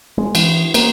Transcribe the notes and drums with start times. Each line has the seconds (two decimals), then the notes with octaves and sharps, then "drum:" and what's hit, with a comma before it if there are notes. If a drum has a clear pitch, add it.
0.18 G#3
0.35 E3, drum: cymbal
0.74 A#3, drum: cymbal